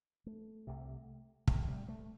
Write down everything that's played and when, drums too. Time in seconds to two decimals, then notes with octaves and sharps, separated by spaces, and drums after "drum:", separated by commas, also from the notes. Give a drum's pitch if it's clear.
0.26 A3
0.67 C2 C3
1.48 C2 C3 A3, drum: kick
1.68 G3
1.88 A3